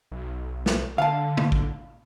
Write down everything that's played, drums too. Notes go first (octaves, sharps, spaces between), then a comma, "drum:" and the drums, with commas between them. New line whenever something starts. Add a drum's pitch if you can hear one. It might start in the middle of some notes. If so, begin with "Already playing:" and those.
B1
drum: snare
D3 F5 A5
drum: tom
drum: kick